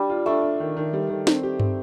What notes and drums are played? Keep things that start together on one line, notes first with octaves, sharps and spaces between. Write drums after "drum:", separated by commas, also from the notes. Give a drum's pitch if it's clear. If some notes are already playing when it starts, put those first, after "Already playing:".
Already playing: G3 D4
F4
A3 D4
D4
D#3
D#3
G3
D#3
C4, drum: snare
G4
C4, drum: tom G2